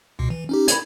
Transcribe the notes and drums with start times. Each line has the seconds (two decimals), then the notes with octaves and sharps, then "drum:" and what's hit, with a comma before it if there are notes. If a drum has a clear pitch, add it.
0.19 C#2 B2
0.30 E3
0.49 C#4 D#4 G4
0.68 B5 G#6, drum: hi-hat